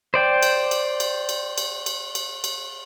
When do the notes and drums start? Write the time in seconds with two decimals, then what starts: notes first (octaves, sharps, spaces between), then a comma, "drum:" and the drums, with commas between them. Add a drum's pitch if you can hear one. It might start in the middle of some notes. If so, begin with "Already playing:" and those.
0.14 C5 D5 G5
0.43 drum: cymbal
0.71 drum: cymbal
1.00 drum: cymbal
1.29 drum: cymbal
1.58 drum: cymbal
1.86 drum: cymbal
2.15 drum: cymbal
2.44 drum: cymbal